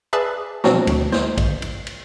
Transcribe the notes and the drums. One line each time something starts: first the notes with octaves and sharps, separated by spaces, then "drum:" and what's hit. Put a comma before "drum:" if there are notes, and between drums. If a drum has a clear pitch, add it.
G#4 B4 D5 E5 A5
B2 F3 F#3 C4 D4 F#4, drum: snare
D2, drum: cymbal
C5, drum: snare
drum: kick A1, cymbal
drum: cymbal
drum: cymbal